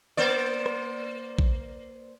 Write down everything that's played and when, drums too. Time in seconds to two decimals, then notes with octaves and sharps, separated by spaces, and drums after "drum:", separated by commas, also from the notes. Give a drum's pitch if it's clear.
0.17 A#3 C5 D5
0.66 drum: rim click
1.39 drum: kick A#1